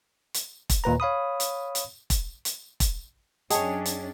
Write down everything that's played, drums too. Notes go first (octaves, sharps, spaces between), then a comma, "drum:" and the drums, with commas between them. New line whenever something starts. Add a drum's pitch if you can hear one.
drum: hi-hat
drum: kick E1, hi-hat
D#2 A#2 B4 A#5
C#5 F5 B5 D#6
drum: hi-hat
drum: hi-hat
drum: kick E1, hi-hat
drum: hi-hat
drum: kick E1, hi-hat
F#2 C#4 D4 G#4 C#5 D#5 G5 A5, drum: hi-hat
drum: hi-hat